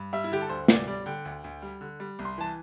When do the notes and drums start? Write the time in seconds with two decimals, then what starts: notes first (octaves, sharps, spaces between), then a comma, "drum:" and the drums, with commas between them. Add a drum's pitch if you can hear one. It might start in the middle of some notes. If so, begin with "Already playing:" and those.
Already playing: G2
0.13 G3 E5
0.24 E4
0.32 D3 G4
0.42 A4
0.49 D2 C5
0.68 D2 D5, drum: snare
0.87 G3 D5
1.06 D3 G5
1.25 D2
1.44 D2
1.62 G3
1.81 D3
2.00 G3
2.19 C2
2.25 C6
2.38 E3 A5